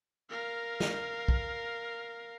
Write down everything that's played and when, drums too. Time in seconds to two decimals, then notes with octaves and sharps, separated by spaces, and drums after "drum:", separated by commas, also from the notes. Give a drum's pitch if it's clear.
0.30 A#4 F5
0.80 drum: snare
1.28 drum: kick B1